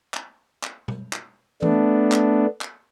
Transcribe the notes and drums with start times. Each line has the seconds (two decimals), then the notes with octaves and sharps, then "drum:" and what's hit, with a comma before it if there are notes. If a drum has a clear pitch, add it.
0.14 drum: clap
0.63 drum: clap
0.88 drum: tom B2
1.13 drum: clap
1.62 A3 B3 D4, drum: tom E3
2.12 drum: clap
2.61 drum: clap